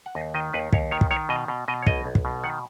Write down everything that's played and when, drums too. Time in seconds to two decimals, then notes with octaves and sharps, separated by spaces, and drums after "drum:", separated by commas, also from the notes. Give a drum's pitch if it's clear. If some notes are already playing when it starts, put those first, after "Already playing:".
0.06 F#5
0.15 D#2 D#5
0.34 D#3 D#5
0.53 D#2 B4
0.73 D#2 C#5, drum: kick
0.91 D#3 C#5
1.01 drum: kick
1.11 D#3 C#5
1.29 B2 D#5
1.48 B2
1.68 B2 D#5
1.82 C#5
1.86 B1 D#5, drum: kick
2.05 B1
2.15 drum: kick
2.25 B2
2.44 D#3 F#5